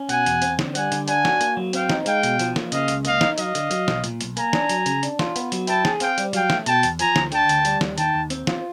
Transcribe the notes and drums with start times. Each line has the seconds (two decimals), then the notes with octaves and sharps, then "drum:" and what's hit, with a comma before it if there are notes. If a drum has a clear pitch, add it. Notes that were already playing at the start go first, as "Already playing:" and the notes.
Already playing: C#4
0.09 B2 F#5 G#5, drum: hi-hat
0.26 E2, drum: hi-hat
0.42 C4, drum: hi-hat
0.59 D3, drum: snare
0.75 G3 F#5 G#5, drum: hi-hat
0.92 D3, drum: hi-hat
1.08 D4 F#5 G#5, drum: hi-hat
1.25 F#4, drum: snare
1.41 A#3, drum: hi-hat
1.57 F#3
1.73 C4 F5 G5, drum: hi-hat
1.90 D#4, drum: snare
2.06 G#3 F5 G5, drum: hi-hat
2.23 B2, drum: hi-hat
2.39 F3, drum: hi-hat
2.56 A#3, drum: snare
2.72 C#3 D#5 F5, drum: hi-hat
2.88 C#2, drum: hi-hat
3.05 A#3 D#5 F5, drum: hi-hat
3.21 D#4, drum: snare
3.38 F#3 D#5 F5, drum: hi-hat
3.55 D3, drum: hi-hat
3.71 F#3, drum: hi-hat
3.88 B1, drum: snare
4.04 A#2, drum: hi-hat
4.21 B1, drum: hi-hat
4.37 A#3 G#5 A#5, drum: hi-hat
4.53 D4, drum: snare
4.69 F#3, drum: hi-hat
4.86 C#3, drum: hi-hat
5.03 D4, drum: hi-hat
5.19 F4, drum: snare
5.36 B3, drum: hi-hat
5.52 F#3, drum: hi-hat
5.67 E4 G5 A5, drum: hi-hat
5.85 G#4, drum: snare
6.00 C4 F5 G5, drum: hi-hat
6.18 G3, drum: hi-hat
6.33 F#3 F5 G5, drum: hi-hat
6.50 A3, drum: snare
6.66 B2 G5 A5, drum: hi-hat
6.83 E2, drum: hi-hat
6.99 F3 G#5 A#5, drum: hi-hat
7.16 D2, drum: snare
7.32 D3 G5 A5, drum: hi-hat
7.49 D2, drum: hi-hat
7.65 G3, drum: hi-hat
7.81 D#2, drum: snare
7.98 D#3 G5 A5, drum: hi-hat
8.15 D#2
8.30 C4, drum: hi-hat
8.47 F4, drum: snare